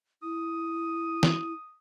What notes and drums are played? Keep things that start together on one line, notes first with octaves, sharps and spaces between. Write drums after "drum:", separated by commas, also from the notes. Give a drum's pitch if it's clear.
E4 D#6
drum: snare